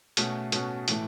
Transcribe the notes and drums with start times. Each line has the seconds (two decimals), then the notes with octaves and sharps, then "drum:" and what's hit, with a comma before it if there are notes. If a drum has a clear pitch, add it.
0.17 B2 A3 C#4 F#4, drum: hi-hat
0.52 B2 A3 C#4 F#4, drum: hi-hat
0.88 A2 E3 A3, drum: hi-hat